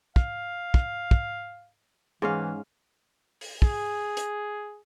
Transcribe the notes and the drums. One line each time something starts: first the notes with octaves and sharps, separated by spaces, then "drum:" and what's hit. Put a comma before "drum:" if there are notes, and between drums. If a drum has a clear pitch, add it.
F5, drum: kick
drum: kick
drum: kick
G#2 E3 C#4 F5
drum: open hi-hat
G#4, drum: kick
drum: hi-hat